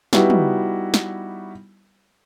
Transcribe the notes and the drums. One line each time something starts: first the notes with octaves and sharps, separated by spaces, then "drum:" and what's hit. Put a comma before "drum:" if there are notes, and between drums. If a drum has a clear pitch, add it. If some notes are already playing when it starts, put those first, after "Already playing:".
G3 B3 D#4 E4 F#4 G4, drum: snare
drum: tom
drum: snare